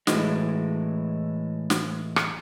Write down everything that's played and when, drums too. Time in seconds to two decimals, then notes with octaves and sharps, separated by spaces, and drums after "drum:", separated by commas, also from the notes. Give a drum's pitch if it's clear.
0.07 A2 E3 G#3, drum: snare
1.70 drum: snare
2.16 drum: rim click